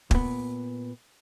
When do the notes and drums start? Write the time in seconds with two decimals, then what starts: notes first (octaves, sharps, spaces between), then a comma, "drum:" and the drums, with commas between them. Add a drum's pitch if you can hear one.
0.11 A#2 B3, drum: kick